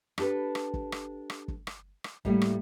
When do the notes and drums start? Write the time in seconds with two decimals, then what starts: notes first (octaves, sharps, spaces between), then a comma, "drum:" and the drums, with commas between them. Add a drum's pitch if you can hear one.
0.18 D4 G4 A4 B4, drum: rim click
0.55 drum: rim click
0.74 drum: kick
0.92 drum: rim click
1.30 drum: rim click
1.48 drum: kick
1.67 drum: rim click
2.04 drum: rim click
2.25 A2 G3 A3 A#3, drum: kick
2.41 drum: rim click